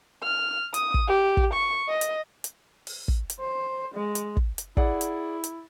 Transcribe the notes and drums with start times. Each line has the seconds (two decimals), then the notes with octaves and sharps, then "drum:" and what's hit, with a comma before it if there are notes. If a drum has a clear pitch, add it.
0.23 F6
0.74 D#6, drum: hi-hat
0.94 drum: kick
1.08 G4
1.37 drum: kick
1.54 C#6
1.89 D#5
2.01 drum: hi-hat
2.44 drum: hi-hat
2.87 drum: open hi-hat
3.08 drum: kick
3.30 drum: hi-hat
3.40 C5
3.94 G#3
4.15 drum: hi-hat
4.37 drum: kick
4.58 drum: hi-hat
4.77 E4 G#4 D5 F#5, drum: kick
5.01 drum: hi-hat
5.44 drum: hi-hat